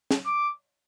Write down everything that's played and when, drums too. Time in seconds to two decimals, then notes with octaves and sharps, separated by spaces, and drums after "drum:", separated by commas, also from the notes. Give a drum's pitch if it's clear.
0.11 drum: snare
0.26 D6